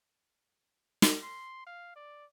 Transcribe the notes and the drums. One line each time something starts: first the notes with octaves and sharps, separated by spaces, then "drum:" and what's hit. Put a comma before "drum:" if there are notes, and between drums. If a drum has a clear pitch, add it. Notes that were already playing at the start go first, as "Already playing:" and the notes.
drum: snare
C6
F5
D5